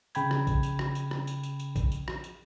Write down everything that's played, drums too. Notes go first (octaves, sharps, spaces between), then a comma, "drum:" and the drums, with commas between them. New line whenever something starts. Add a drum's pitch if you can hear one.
C#3 G5 B5 G#6, drum: tambourine
drum: rim click
drum: kick A#1, tambourine
drum: tambourine
drum: rim click
drum: tambourine
drum: rim click
drum: tambourine
drum: tambourine
drum: tambourine
drum: kick A#1, tambourine
drum: tambourine
drum: rim click
drum: tambourine